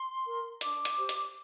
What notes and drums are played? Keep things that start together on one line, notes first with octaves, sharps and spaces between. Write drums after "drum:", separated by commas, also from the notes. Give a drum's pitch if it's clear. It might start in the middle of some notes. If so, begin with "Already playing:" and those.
Already playing: C6
A#4
D4 D6, drum: hi-hat
drum: hi-hat
G4 C5
drum: hi-hat